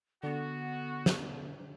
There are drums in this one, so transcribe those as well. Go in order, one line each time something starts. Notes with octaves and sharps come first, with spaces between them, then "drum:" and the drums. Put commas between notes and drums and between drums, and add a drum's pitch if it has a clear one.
D3 B3 F#4
drum: snare